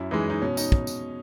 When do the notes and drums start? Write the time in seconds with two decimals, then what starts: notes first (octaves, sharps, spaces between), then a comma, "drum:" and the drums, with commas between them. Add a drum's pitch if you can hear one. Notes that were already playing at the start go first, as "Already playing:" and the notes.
Already playing: F#2 E4
0.11 E3 G#3 D#4
0.30 D#4
0.42 B2 C#4
0.57 D#4, drum: tambourine
0.72 drum: kick
0.87 drum: tambourine